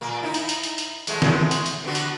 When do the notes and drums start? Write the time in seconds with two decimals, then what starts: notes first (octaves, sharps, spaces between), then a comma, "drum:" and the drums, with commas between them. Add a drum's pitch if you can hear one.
0.01 A#2 A#3
0.23 D#4 E4
0.34 drum: hi-hat
0.49 drum: hi-hat
0.63 drum: hi-hat
0.78 drum: hi-hat
1.07 E2 G#3 A3, drum: hi-hat
1.22 drum: snare
1.51 drum: hi-hat
1.66 drum: hi-hat
1.84 D3 B3 F#4
1.95 drum: hi-hat